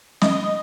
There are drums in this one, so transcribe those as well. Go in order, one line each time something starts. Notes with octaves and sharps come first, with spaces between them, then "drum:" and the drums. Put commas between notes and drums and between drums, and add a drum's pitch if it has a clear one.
D#5, drum: snare